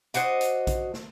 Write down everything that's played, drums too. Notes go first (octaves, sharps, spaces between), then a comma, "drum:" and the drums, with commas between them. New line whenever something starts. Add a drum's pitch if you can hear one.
D4 F#4 C5 D#5, drum: hi-hat
drum: hi-hat
drum: kick A#1, hi-hat
drum: snare